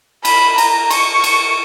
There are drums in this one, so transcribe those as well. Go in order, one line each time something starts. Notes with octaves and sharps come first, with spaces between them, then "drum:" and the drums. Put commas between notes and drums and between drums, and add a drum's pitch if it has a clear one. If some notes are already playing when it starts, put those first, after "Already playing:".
B5, drum: cymbal
A#5, drum: cymbal
C#6, drum: cymbal
drum: cymbal